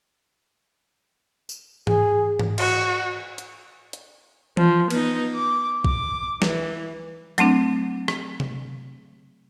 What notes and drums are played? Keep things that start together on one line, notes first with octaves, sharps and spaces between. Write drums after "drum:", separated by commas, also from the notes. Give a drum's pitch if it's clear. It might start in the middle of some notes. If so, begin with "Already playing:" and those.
drum: tambourine
G#4, drum: tom G#2
drum: tom G#2
F#4, drum: cymbal
drum: hi-hat
drum: hi-hat
F3, drum: tom E3
B3 D#4, drum: cymbal
D6
D6, drum: kick B1
E3, drum: snare
F#3 A3 C4 D4, drum: hi-hat
drum: rim click
drum: tom C3